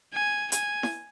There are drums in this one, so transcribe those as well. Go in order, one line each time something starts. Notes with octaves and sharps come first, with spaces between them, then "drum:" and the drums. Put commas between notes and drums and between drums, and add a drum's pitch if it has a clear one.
G#5
G#5, drum: hi-hat
drum: snare E4